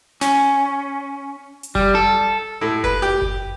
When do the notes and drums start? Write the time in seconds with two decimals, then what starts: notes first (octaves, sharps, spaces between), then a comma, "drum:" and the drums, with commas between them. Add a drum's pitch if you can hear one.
0.21 C#4, drum: snare
1.63 drum: hi-hat
1.75 G3, drum: kick F#1
1.95 A4
2.61 A2
2.84 B4, drum: kick F#1
3.02 G4
3.22 drum: kick F#1